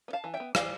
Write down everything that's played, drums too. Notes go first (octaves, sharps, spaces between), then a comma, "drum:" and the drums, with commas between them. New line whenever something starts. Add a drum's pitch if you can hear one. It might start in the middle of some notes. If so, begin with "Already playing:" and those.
B3
F5 A5
E3
E5 G5
B3
E3 D5 F5, drum: rim click